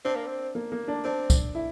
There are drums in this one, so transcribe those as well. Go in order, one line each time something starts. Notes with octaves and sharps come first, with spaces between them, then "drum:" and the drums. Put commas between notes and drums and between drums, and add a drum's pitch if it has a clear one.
C4 D4
A#3
C4
A#3
A#3
D4
C4 D4
drum: kick, tambourine
E4